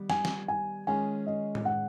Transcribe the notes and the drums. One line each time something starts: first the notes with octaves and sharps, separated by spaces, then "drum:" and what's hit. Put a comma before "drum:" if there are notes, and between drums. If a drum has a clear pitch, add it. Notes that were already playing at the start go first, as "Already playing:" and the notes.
Already playing: D#3 G3 B3
G#5, drum: snare
drum: snare
G#5
D#3 G#3 C#4 F4 G#4 G#5
D#5
drum: tom A2
F#5